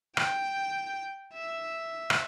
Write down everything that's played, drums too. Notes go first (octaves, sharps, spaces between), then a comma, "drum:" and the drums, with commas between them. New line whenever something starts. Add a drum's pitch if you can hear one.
G5, drum: rim click
E5
drum: rim click